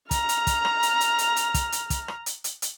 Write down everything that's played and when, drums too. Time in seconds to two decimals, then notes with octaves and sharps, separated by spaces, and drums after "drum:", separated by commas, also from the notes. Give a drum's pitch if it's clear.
0.11 A#5 F6, drum: kick, hi-hat
0.29 drum: hi-hat
0.47 drum: kick, hi-hat
0.65 drum: rim click
0.83 drum: hi-hat
1.01 drum: hi-hat
1.19 drum: hi-hat
1.36 drum: hi-hat
1.54 drum: kick, hi-hat
1.72 drum: hi-hat
1.90 drum: kick, hi-hat
2.08 drum: rim click
2.26 drum: hi-hat
2.44 drum: hi-hat
2.62 drum: hi-hat